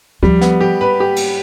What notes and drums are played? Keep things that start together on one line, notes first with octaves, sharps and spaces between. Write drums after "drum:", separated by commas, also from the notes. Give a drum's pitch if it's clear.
F3 G3, drum: kick D2
B3, drum: snare
G4
B4
G4
drum: cymbal